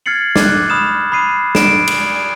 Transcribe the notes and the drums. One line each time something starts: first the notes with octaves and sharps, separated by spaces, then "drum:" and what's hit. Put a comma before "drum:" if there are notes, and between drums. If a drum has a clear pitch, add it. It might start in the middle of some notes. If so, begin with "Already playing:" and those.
F6 G#6 A6 C7 C#7 F#7
D6 F#6, drum: snare
B5 D#6 F6 E7
B5 D#6 C7 D#7
D7 E7, drum: snare
drum: cymbal